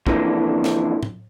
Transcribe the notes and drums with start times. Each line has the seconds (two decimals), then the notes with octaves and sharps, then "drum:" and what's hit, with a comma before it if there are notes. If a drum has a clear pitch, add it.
0.07 F2 A#2 D3 E3, drum: kick
0.64 drum: snare
1.03 drum: tom A2